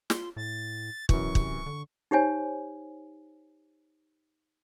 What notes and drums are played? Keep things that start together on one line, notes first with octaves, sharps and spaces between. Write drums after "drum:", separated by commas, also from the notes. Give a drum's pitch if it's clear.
F4 C6, drum: snare
A2 A6
F#2 B2 E3 C#6, drum: kick
C3, drum: kick
D3
D#4 G4 C5 C#5 G#5